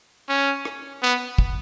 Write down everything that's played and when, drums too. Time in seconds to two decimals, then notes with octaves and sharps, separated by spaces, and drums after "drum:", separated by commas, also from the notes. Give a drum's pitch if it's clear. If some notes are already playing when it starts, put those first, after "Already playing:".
0.29 C#4
0.65 drum: rim click
1.03 B3
1.38 drum: kick